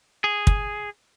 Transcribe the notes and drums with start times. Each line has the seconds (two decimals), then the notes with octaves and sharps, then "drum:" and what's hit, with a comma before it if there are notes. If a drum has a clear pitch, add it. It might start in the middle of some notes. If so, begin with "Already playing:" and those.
0.24 G#4
0.47 drum: kick